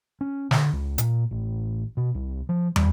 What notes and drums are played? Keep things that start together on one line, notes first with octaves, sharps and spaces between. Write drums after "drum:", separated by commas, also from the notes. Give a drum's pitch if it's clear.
C#4
D3, drum: snare
C#2
A#2, drum: hi-hat
A1
B2
C2
F3
G3, drum: tom